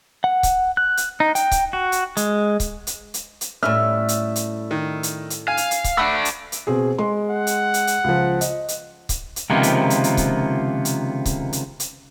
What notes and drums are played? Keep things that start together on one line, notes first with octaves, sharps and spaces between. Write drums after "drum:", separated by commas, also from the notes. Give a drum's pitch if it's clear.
F#5
drum: kick C#1, hi-hat
F#6
drum: hi-hat
D#4
G5, drum: hi-hat
drum: kick C#1, hi-hat
F#4
drum: hi-hat
G#3, drum: hi-hat
drum: kick C#1, hi-hat
drum: hi-hat
drum: hi-hat
drum: hi-hat
A2 G3 C#4 E5 F6
drum: hi-hat
drum: hi-hat
D#3
drum: hi-hat
drum: hi-hat
F5 G#5
drum: hi-hat
drum: hi-hat
drum: kick C#1, hi-hat
A3 D4 F#5 B5 E6
drum: hi-hat
drum: hi-hat
B2 C4 G#4
G#3 C6
F#5
drum: hi-hat
drum: hi-hat
drum: hi-hat
C#2 F3
D#5, drum: hi-hat
drum: hi-hat
drum: kick C#1, hi-hat
drum: hi-hat
C#2 C3 D#3 F3 A#3 B3
drum: hi-hat
drum: hi-hat
drum: hi-hat
drum: kick C#1, hi-hat
drum: hi-hat
drum: kick C#1, hi-hat
drum: hi-hat
drum: hi-hat